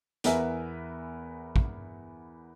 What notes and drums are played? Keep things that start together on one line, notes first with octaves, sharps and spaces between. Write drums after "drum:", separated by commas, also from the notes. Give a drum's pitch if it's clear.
E2 B3 A#4 B4 E5 G#5, drum: hi-hat
drum: kick